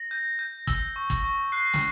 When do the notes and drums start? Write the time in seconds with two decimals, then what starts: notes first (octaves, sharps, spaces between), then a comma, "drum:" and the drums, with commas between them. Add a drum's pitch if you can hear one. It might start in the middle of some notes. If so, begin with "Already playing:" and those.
Already playing: A#6
0.11 G6
0.39 G6
0.67 E6, drum: kick
0.96 C#6
1.10 drum: kick
1.24 C#6
1.52 F#6 C7
1.74 drum: snare